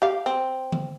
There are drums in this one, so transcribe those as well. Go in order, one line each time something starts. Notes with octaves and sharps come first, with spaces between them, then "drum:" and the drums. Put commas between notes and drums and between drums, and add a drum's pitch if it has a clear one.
G4 F5
C4
drum: tom D3